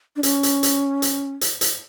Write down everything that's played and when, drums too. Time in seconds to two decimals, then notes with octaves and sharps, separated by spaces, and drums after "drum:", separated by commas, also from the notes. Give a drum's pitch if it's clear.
0.16 D4
0.23 C#4, drum: hi-hat
0.43 drum: hi-hat
0.63 drum: hi-hat
1.02 drum: hi-hat
1.41 drum: hi-hat
1.61 drum: hi-hat